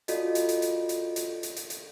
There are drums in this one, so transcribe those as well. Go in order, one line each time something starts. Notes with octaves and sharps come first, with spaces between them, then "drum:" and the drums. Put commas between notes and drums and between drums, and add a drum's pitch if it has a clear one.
F4 F#4 A4 D5 D#5, drum: hi-hat
drum: hi-hat
drum: hi-hat
drum: hi-hat
drum: hi-hat
drum: hi-hat
drum: hi-hat
drum: hi-hat
drum: hi-hat